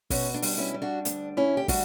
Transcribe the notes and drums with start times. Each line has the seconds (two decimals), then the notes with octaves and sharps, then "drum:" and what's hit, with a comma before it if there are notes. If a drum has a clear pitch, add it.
0.10 B2 C#4, drum: kick, open hi-hat
0.34 D4
0.42 G3, drum: open hi-hat
0.58 C#4 E4
0.74 G3
0.82 D4 F#4
1.05 D2 D4, drum: hi-hat
1.37 D2 C#4 E4
1.57 G4
1.68 G3 D4 F#4, drum: kick, open hi-hat